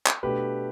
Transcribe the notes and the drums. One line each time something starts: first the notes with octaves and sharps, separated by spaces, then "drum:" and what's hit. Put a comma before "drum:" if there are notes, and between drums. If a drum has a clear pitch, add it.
drum: clap
B2 A3 D4 G4 B4